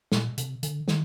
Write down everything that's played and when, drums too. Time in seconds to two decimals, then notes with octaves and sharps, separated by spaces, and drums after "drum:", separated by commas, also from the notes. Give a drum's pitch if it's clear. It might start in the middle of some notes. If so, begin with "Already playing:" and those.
0.12 A#2, drum: snare
0.38 C3, drum: hi-hat
0.63 D3, drum: hi-hat
0.88 D#3, drum: snare